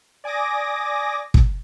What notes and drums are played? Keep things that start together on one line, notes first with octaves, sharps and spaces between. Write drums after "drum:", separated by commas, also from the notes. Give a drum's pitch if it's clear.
D5 G#5 D6 D#6 A#6
drum: kick